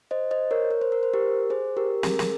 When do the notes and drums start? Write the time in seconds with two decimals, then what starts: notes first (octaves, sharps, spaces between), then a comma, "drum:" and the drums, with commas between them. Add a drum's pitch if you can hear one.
0.11 C5 D#5
0.31 C5 D#5
0.51 A#4 C#5
0.71 A#4
0.81 C5
0.92 A#4
1.03 C5
1.13 G4 A#4
1.50 G#4 C5
1.77 G4 A#4
2.03 G#4, drum: snare
2.11 A#4
2.19 G#4, drum: snare